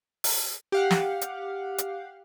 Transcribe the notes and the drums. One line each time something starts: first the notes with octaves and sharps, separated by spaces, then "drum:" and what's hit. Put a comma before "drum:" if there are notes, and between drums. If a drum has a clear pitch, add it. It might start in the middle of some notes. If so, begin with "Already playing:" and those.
drum: open hi-hat
G4 F5 F#5
drum: snare
drum: hi-hat
drum: hi-hat